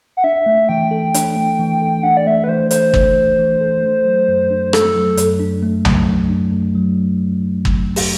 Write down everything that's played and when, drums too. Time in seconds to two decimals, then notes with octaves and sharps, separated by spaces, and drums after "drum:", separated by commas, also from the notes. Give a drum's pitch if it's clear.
0.17 F#5
0.24 D4 E5
0.46 A3
0.69 E3 G5
0.91 A4
1.14 D4, drum: hi-hat
1.36 A3
1.59 E3
1.82 A4
2.03 D4 F#5
2.17 D5
2.26 A3 E5
2.44 B4
2.48 E3 C5
2.71 A4 C5, drum: hi-hat
2.94 D4, drum: kick
3.15 A3
3.39 E3
3.61 A4
3.83 A3
4.05 F#3
4.28 F#2
4.50 D4
4.73 A3 A4, drum: rim click
4.95 F#3
5.17 F#2, drum: hi-hat
5.40 D4
5.63 A3
5.85 F#3, drum: tom B1
6.07 F#2
6.30 D4
6.52 A3
6.75 F#3
7.65 drum: kick
7.96 drum: open hi-hat